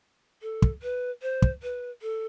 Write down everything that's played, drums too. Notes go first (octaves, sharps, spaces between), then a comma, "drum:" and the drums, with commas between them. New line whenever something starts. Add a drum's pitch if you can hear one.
A4
drum: kick
B4
C5
drum: kick
B4
A4